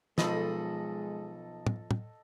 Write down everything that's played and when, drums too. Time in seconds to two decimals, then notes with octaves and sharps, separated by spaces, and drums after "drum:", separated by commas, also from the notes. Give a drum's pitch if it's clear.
0.18 B1 F3 G#3 A4 D#5 B5, drum: snare
1.67 drum: tom
1.91 drum: tom